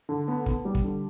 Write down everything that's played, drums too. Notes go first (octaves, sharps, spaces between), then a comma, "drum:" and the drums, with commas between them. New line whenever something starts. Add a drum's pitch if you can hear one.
D3
B3
B3, drum: kick
G3
drum: kick
D3